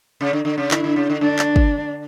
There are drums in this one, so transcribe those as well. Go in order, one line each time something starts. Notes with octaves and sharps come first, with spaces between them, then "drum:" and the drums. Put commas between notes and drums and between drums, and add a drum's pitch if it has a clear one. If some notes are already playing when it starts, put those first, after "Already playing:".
C#3
D3
D3
C#3
D3 E4, drum: clap
D3
C#3
D3
D3 D4
drum: clap
drum: kick